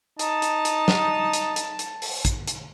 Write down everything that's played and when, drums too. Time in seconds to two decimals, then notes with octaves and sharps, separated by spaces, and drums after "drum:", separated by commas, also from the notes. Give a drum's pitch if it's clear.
0.19 D#4 A5, drum: hi-hat
0.42 drum: hi-hat
0.65 drum: hi-hat
0.88 drum: snare
1.33 drum: hi-hat
1.56 drum: hi-hat
1.79 drum: hi-hat
2.02 drum: open hi-hat
2.25 drum: kick A1, hi-hat
2.48 drum: hi-hat